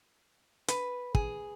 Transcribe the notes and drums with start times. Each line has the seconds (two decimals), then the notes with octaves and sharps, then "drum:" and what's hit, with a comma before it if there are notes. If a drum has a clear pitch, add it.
0.68 B4, drum: hi-hat
1.15 G#4, drum: kick